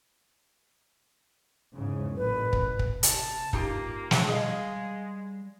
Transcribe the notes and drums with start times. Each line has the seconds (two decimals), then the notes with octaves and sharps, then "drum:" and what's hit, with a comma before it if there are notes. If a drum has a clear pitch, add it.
1.73 E2 G#2 C#3
2.17 A1 F#2 A#2 B4
2.53 drum: kick
2.79 drum: kick
3.03 C3 A5, drum: hi-hat
3.53 G2 A#3 D#4 F4 G4, drum: kick
4.11 drum: snare
4.27 G3 G#3 G#4 D#5 F5